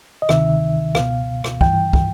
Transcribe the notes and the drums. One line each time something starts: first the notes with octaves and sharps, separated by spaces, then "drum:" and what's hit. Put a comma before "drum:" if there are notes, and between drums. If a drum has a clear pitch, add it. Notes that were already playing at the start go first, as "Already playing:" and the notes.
D#5
D2 C3 D#3 E5, drum: rim click
C#2 B2 F5, drum: rim click
drum: rim click
G2 E3 G5, drum: kick
drum: kick